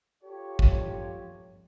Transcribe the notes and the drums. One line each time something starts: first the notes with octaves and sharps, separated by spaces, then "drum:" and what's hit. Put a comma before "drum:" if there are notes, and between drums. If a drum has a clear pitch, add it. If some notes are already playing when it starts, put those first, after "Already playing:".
F4 G4 A4 C#5
drum: kick